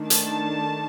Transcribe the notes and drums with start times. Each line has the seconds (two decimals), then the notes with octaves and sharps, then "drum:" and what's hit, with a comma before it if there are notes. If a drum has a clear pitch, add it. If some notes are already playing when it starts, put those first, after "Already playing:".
Already playing: D#3 A3 D4
0.10 A5, drum: hi-hat